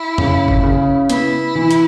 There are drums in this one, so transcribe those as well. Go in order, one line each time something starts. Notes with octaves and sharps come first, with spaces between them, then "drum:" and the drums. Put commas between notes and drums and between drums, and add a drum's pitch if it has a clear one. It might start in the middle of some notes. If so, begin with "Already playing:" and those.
Already playing: E4
C#3, drum: tom
drum: kick G1
C#3
B3 E4, drum: hi-hat
E3
drum: hi-hat